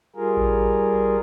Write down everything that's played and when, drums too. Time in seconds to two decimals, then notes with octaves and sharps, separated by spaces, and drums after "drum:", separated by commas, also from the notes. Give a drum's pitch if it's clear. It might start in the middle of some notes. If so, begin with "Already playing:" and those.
0.16 G3 F4 G#4 A#4
0.37 drum: kick A1